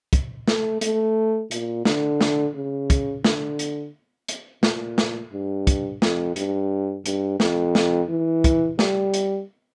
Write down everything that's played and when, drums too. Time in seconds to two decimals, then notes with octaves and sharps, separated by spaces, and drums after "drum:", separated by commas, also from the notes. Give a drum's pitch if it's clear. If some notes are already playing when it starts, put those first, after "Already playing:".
0.13 drum: kick, hi-hat
0.48 A3, drum: snare
0.81 A3, drum: hi-hat
1.51 A#2, drum: hi-hat
1.85 D3, drum: snare
2.21 drum: snare
2.55 C#3
2.90 drum: kick, hi-hat
3.24 D3, drum: snare
3.59 drum: hi-hat
4.29 drum: hi-hat
4.63 A#2, drum: snare
4.98 drum: snare
5.32 G2
5.67 drum: kick, hi-hat
6.02 F2, drum: snare
6.36 G2, drum: hi-hat
7.06 G2, drum: hi-hat
7.40 F2, drum: snare
7.75 drum: snare
8.09 E3
8.44 drum: kick, hi-hat
8.79 G3, drum: snare
9.14 drum: hi-hat